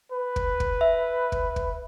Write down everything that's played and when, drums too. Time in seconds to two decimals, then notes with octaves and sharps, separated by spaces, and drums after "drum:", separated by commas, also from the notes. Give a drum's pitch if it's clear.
0.12 B4
0.36 drum: kick
0.60 drum: kick
0.81 E5
1.32 drum: kick
1.56 drum: kick